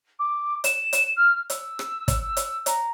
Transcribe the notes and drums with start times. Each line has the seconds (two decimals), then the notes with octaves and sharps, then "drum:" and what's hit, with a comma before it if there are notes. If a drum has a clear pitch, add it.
0.19 D6
0.64 E7, drum: hi-hat
0.93 drum: hi-hat
1.16 F6
1.50 E6, drum: hi-hat
1.79 drum: rim click
2.08 drum: kick, hi-hat
2.37 drum: hi-hat
2.66 A#5, drum: hi-hat